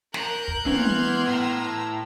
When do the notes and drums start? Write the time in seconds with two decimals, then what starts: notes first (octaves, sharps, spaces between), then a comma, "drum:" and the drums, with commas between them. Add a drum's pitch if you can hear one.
0.14 A#4 F#6 G6, drum: snare
0.48 drum: kick
0.66 E3 B3 C6 F6 G#6, drum: tom
1.27 A2 A#5 E6